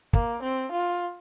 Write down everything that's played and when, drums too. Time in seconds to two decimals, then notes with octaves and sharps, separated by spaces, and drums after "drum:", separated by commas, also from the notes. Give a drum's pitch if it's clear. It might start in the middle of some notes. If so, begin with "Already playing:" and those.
0.13 A#3, drum: kick
0.43 C4
0.72 F4